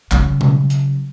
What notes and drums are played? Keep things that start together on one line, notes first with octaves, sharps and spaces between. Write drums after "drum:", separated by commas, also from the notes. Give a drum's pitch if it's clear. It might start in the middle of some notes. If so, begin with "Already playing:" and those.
C#3 F#3, drum: clap
drum: tom B2
drum: hi-hat